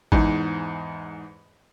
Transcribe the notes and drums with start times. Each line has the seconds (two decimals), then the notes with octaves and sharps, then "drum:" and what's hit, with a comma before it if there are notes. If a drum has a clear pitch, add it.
0.12 E2 G#2, drum: kick A1